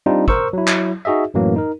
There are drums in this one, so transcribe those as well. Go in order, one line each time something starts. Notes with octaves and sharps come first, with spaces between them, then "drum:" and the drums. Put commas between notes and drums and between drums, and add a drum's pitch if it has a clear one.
G3 C4 D4 D#4 F4
A#4 C5 C#6 E6, drum: kick
F#3 E4
drum: clap
D#4 F#4 G#4 D#5 E5
F#2 A2 E3 F#3 A#3
D#4 A#4